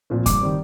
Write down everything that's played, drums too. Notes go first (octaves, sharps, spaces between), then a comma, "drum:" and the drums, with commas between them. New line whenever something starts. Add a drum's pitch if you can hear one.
A#2 F3 C4
G2 D6, drum: kick, hi-hat
D#3 G3 C4